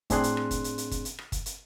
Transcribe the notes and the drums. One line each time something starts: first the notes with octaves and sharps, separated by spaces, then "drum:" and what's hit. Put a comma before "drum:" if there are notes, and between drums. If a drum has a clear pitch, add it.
A2 C4 D4 G#4 C6 F#6, drum: kick, hi-hat
drum: hi-hat
drum: rim click
drum: kick, hi-hat
drum: hi-hat
drum: hi-hat
drum: kick, hi-hat
drum: hi-hat
drum: rim click
drum: kick, hi-hat
drum: hi-hat